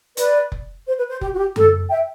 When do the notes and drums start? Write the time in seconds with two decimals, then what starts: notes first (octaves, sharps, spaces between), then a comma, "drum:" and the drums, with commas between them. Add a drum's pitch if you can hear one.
0.17 B4 D5, drum: hi-hat
0.52 drum: kick F1
0.87 C5
0.98 B4
1.09 C5
1.21 G4, drum: kick F1
1.33 F#4
1.38 G4
1.56 A4, drum: tom F#2
1.90 E5 G5